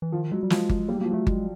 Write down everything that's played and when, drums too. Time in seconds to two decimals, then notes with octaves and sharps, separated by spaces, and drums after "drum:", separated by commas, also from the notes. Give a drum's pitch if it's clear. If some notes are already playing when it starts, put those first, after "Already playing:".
0.02 E3
0.12 D#3 F3
0.32 F#3 G#3
0.43 G3
0.50 F3 G#3, drum: snare
0.69 drum: kick G1
0.88 G3 A#3
0.96 F#3
1.01 F3 A#3
1.10 F#3 A3
1.27 G#3, drum: kick G1